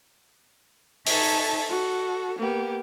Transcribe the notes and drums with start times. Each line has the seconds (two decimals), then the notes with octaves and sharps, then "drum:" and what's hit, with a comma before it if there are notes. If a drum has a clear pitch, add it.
1.06 D#4 A4 E5 G#5 A5 C#6, drum: open hi-hat
1.69 F#4 A4
2.39 A#3 B3 G4